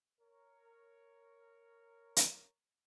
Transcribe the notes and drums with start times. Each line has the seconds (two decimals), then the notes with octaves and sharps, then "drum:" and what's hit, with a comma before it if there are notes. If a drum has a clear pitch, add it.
0.21 A#4 C#5
2.16 drum: hi-hat